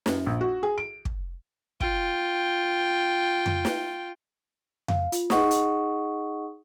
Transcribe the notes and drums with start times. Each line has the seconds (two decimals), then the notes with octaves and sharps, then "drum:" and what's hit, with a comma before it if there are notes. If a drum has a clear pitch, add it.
0.06 F#2, drum: snare
0.26 A#1
0.41 F#4
0.63 G#4
0.78 D7
1.05 drum: kick
1.80 F4 G5, drum: kick
3.46 drum: tom F2
3.65 drum: snare
4.88 F5, drum: tom F2
5.12 F4, drum: hi-hat
5.30 D#4 G#4 D#5 F#5 C#6 D#6, drum: snare
5.51 drum: hi-hat